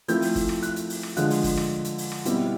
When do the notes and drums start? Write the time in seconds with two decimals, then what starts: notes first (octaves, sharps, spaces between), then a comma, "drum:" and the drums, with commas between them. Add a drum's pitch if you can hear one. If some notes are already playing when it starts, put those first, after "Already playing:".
0.08 F3 A3 C4 E4 G6, drum: hi-hat
0.22 drum: open hi-hat
0.35 drum: kick G1, open hi-hat
0.49 drum: rim click
0.62 F#6, drum: hi-hat
0.76 drum: hi-hat
0.90 drum: open hi-hat
1.03 drum: rim click
1.16 D3 F3 G#3 F#6, drum: hi-hat
1.30 drum: open hi-hat
1.44 drum: kick G1, open hi-hat
1.57 drum: rim click
1.84 drum: hi-hat
1.98 drum: open hi-hat
2.12 drum: rim click
2.25 B2 G3 C4 E4, drum: hi-hat